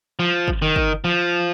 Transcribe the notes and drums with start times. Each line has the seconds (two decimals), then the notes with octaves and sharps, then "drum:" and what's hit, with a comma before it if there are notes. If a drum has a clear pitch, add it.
0.19 F3
0.48 drum: kick
0.62 D#3
0.76 drum: kick
1.04 F3